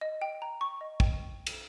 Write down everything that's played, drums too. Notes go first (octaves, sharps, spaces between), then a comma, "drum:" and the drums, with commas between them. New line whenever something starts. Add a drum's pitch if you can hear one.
D#5
G5
A#5
C#6
D#5
G5, drum: kick
drum: cymbal